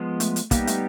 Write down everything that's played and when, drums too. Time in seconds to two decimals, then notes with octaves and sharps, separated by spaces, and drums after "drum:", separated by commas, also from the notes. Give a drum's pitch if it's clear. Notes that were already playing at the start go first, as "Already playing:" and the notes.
Already playing: F3 G#3 B3
0.20 A3, drum: hi-hat
0.36 drum: hi-hat
0.51 G3 A#3 B3 D#4 G4, drum: kick, hi-hat
0.67 A3, drum: hi-hat